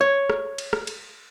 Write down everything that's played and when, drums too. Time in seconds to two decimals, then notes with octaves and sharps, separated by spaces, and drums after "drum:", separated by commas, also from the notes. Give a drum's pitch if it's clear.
0.01 C#5
0.30 drum: rim click
0.58 drum: cymbal
0.73 drum: rim click
0.87 drum: cymbal